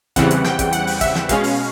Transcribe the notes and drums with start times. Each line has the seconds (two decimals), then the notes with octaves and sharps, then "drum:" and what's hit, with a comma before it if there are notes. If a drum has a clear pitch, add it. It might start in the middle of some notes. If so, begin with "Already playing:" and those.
0.16 E2 C#3 E3 G3 C4 F#5, drum: kick, hi-hat
0.31 drum: hi-hat
0.45 G5, drum: snare
0.59 drum: kick, hi-hat
0.73 F#5, drum: hi-hat
0.87 drum: open hi-hat
1.01 E5, drum: kick, hi-hat
1.15 drum: snare
1.29 B2 G#3 C#4 F5, drum: kick, hi-hat
1.44 drum: open hi-hat